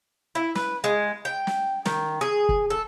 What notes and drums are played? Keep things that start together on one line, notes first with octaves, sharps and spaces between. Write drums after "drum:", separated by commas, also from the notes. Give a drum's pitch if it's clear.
E4
B4, drum: snare
G#3
G5
drum: snare
D#3, drum: snare
G#4
drum: kick
A4